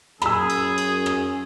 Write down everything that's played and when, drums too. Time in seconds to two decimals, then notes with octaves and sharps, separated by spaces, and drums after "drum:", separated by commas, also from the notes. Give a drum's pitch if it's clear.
0.22 F#2 G#4 B5 E6, drum: rim click
0.50 drum: cymbal
0.78 drum: cymbal
1.06 drum: rim click